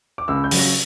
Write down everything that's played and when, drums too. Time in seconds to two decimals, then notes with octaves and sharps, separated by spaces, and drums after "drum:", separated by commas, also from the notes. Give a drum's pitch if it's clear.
0.18 D6
0.28 C#2 E6
0.44 G6
0.51 C#3 F#3, drum: open hi-hat
0.59 A#6